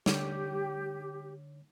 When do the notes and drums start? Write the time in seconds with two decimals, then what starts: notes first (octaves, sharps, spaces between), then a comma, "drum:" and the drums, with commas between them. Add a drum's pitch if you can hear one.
0.06 D3 G4 C#5 D6, drum: snare